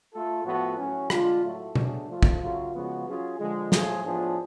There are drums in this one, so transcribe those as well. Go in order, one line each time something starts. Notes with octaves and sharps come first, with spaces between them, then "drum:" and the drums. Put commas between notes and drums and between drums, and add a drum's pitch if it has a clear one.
A3 F4 A4
A2 F3 B3 F#4 A4
A2 F#3 C#4
D3 G#3 D4 F4, drum: rim click
A2 F#3 A3
B2 F#3 A3 D4 G#4, drum: tom B2
F3 A3 F4
drum: kick
C#3 F#3 A3 F4
C#3 F3 G#3 B3 F#4
F#3 C#4 F4 G#4
D3 F3 G#3
A2 F3 A3 F4 G#4, drum: snare
A2 F3 B3 D4 G#4